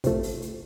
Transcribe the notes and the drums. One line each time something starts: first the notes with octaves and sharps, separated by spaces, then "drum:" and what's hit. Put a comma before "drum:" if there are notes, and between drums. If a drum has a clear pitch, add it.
C3 F3 A3, drum: kick, hi-hat
drum: open hi-hat
drum: hi-hat